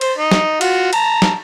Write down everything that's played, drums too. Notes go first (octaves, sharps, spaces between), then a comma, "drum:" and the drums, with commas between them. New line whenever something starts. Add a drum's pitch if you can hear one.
C5, drum: cymbal
D#4
drum: snare
F4 F#4, drum: cymbal
A5 A#5, drum: cymbal
drum: snare